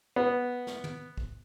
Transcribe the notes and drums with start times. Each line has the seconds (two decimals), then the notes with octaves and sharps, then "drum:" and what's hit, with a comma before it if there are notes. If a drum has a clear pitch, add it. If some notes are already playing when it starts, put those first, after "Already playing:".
0.16 B3
0.67 drum: snare
0.84 drum: tom
1.18 drum: kick